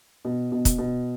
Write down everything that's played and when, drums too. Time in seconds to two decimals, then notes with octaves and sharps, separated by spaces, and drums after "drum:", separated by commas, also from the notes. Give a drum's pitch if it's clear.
0.25 B2
0.52 B2
0.65 drum: kick, hi-hat
0.78 B2